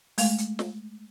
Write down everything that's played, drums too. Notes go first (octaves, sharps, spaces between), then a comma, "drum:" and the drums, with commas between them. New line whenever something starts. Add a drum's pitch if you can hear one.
G#3 A3 F5, drum: open hi-hat
drum: hi-hat
drum: snare